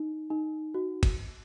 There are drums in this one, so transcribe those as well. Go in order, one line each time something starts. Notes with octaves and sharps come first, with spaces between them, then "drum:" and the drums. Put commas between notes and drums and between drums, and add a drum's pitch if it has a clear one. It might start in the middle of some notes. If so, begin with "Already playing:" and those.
Already playing: D#4
D#4
F#4
drum: kick, cymbal